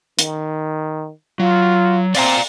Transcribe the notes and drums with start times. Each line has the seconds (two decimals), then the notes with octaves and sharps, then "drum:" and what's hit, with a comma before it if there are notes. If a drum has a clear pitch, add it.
0.19 D#3, drum: hi-hat
1.40 F#3 F4
2.15 C4 D5 F5 A#5, drum: open hi-hat